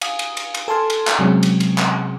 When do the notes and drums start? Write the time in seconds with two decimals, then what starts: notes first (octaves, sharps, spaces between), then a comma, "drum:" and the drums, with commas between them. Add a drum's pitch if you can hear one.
0.02 F5 G#5 D#6, drum: cymbal
0.19 drum: cymbal
0.37 drum: cymbal
0.54 drum: cymbal
0.68 A4 G#5 A5 C6 F6 G#6
0.90 drum: cymbal
1.07 drum: clap
1.19 C3 F#3 G#3 C4 C#4
1.43 drum: cymbal
1.60 drum: cymbal
1.78 drum: clap